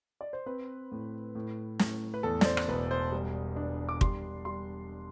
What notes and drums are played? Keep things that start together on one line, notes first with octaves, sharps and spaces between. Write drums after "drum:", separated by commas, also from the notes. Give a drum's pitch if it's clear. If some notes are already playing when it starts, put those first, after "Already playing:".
D5
C5
C4 B4
A2
A2
A2, drum: snare
B4
E2 A4
D5, drum: snare
C5
drum: rim click
E1 B4
C5
G3
D4
D6
G3 C6, drum: kick
G3 C6